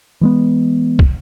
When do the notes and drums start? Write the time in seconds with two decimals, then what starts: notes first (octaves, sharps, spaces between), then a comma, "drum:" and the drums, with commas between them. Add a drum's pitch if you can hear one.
0.21 E3 G#3 B3
0.99 drum: kick